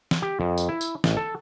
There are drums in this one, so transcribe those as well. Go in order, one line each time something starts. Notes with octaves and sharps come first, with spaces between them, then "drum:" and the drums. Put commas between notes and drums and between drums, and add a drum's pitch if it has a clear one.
drum: snare
G4
F2
drum: tambourine
E4
drum: tambourine
A1, drum: snare
A4